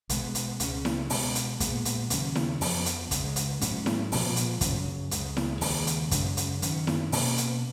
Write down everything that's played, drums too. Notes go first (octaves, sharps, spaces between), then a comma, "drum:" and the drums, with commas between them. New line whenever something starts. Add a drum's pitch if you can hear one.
B2 G#3 B3, drum: kick, hi-hat
drum: hi-hat
C#2 C#3 G#3 C#4, drum: hi-hat
drum: snare E4
B2 G#3 B3, drum: open hi-hat
drum: hi-hat
A#2 G#3 B3, drum: kick, hi-hat
drum: hi-hat
D#2 C#3 F#3 C#4, drum: hi-hat
drum: snare E4
F2 F3 B3, drum: open hi-hat
drum: hi-hat
C#2 C#3 G#3, drum: kick, hi-hat
drum: hi-hat
G#2 F#3 C#4, drum: hi-hat
drum: snare E4
A#2 F3 G#3 B3, drum: open hi-hat
drum: hi-hat
F#2 C#3 F#3, drum: kick, hi-hat
C#2 C#3 G#3, drum: hi-hat
drum: snare E4
D#2 C#3 G#3, drum: open hi-hat
drum: hi-hat
F#2 C#3 G#3, drum: kick, hi-hat
drum: hi-hat
F#2 D#3 F#3 C#4, drum: hi-hat
drum: snare E4
B2 A#3 C#4, drum: open hi-hat
drum: hi-hat